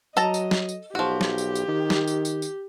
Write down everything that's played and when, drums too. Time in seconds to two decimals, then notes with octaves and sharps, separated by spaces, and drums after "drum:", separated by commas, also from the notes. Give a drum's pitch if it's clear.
0.17 F#3 A4 D#5 A5 A#5, drum: tambourine
0.34 drum: tambourine
0.51 drum: snare
0.69 drum: tambourine
0.95 B1 F3 F#4 G4
1.21 drum: snare
1.38 drum: tambourine
1.55 drum: tambourine
1.68 D#3
1.90 drum: snare
2.08 drum: tambourine
2.25 drum: tambourine
2.42 drum: tambourine